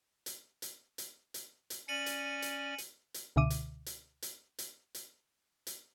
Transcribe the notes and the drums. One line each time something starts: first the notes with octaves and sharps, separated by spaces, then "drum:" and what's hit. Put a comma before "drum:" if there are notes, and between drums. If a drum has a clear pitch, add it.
drum: hi-hat
drum: hi-hat
drum: hi-hat
drum: hi-hat
drum: hi-hat
C#4 D5 C#7 D#7 F#7
drum: hi-hat
drum: hi-hat
drum: hi-hat
drum: hi-hat
C#2 B2 D3 E5 D6 D#7
drum: hi-hat
drum: hi-hat
drum: hi-hat
drum: hi-hat
drum: hi-hat
drum: hi-hat